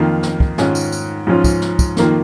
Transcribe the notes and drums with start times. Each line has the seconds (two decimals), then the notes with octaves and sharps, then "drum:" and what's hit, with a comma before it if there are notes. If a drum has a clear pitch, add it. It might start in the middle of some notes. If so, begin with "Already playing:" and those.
Already playing: F2 D#3 A#3 F4
0.23 drum: snare
0.40 drum: kick
0.58 G#2 D#3 C#4 F4, drum: snare
0.75 drum: tambourine
0.92 drum: tambourine
1.27 G#2 F3 C#4 F4
1.44 drum: kick, tambourine
1.62 drum: snare
1.79 drum: kick, tambourine
1.97 F2 D#3 A#3 F4, drum: snare